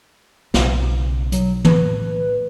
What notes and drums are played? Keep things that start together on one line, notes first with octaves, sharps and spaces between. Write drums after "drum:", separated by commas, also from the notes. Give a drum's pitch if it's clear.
B1 C#3, drum: snare
B1 F#3, drum: hi-hat
A2 B4, drum: tom